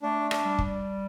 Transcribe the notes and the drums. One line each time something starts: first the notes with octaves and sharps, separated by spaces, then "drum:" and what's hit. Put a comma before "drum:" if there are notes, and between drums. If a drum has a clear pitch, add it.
A3 D4
D4, drum: rim click
G3
drum: kick